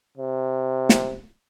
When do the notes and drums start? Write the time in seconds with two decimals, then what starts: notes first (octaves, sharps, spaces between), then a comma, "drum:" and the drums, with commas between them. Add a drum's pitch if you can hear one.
0.18 C3
0.89 drum: snare